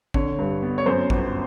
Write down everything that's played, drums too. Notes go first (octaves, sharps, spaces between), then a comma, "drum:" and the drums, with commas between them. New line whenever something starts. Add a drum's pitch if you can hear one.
D3 C#5, drum: kick
G2
B3
C#5
F#2 C5
G1, drum: kick